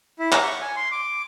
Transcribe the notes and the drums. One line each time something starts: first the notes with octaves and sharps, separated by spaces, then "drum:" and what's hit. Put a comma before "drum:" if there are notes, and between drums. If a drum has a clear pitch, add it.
E4
A#5, drum: clap
C#6
G#5
C6
D6